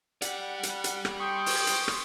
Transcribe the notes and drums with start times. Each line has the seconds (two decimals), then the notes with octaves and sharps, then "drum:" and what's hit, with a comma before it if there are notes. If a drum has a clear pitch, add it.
0.22 G4 D5 F#5, drum: hi-hat
0.63 drum: hi-hat
0.84 drum: hi-hat
1.05 drum: rim click
1.19 G5 C6 C#6 D#6 C#7
1.46 drum: open hi-hat
1.67 drum: hi-hat
1.88 drum: rim click